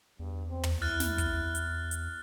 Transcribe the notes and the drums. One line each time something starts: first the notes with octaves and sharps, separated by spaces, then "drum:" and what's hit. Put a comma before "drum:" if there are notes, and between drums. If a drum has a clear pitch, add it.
E2 G2
C4
drum: tom
E4 F6 F#6 A6
drum: snare
drum: kick, hi-hat
drum: hi-hat
drum: hi-hat